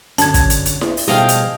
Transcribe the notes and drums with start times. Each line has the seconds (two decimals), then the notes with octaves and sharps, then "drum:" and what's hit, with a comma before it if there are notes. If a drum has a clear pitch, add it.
0.18 F#2 D3 C#4 D4 A5 G#6, drum: hi-hat
0.34 drum: kick, hi-hat
0.50 drum: hi-hat
0.66 drum: hi-hat
0.81 drum: snare E4
0.97 drum: open hi-hat
1.08 B2 F3 G3 A3 G#4 D#5 F5 G5
1.29 drum: hi-hat